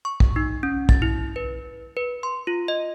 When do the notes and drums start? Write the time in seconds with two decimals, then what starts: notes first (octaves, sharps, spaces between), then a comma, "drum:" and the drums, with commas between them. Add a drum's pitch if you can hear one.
0.05 C#6
0.20 drum: kick
0.36 D#4
0.63 C#4
0.89 A6, drum: kick
1.02 E4
1.36 B4
1.97 B4
2.23 C6
2.47 F4
2.68 D#5